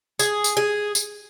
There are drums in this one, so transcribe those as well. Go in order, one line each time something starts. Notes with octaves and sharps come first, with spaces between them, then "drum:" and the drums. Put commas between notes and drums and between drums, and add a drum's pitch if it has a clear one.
G#4, drum: tambourine
drum: tambourine
G#4
drum: tambourine